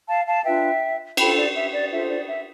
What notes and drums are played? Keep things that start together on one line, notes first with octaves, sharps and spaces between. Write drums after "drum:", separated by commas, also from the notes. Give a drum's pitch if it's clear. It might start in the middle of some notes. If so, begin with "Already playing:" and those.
F5 A5
F5 A5
D4 F4 B4 E5 G5
D4 F4 A4 C5 G5 B5, drum: cymbal
D5
E5
D5
D4 F4 A4 C5 E5
D5
E5